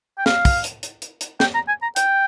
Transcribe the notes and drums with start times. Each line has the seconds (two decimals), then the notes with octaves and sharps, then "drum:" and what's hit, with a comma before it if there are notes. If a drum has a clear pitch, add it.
0.18 G5
0.26 F5, drum: snare
0.45 drum: kick, open hi-hat
0.64 drum: hi-hat
0.83 drum: hi-hat
1.02 drum: hi-hat
1.21 drum: hi-hat
1.40 G5, drum: snare
1.54 A#5
1.68 G#5
1.82 A#5
1.96 G5, drum: hi-hat